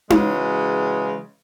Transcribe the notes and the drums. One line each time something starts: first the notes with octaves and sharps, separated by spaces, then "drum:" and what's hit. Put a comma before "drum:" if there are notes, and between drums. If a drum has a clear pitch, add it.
C#3 E3 F#3 G#3, drum: tom D#4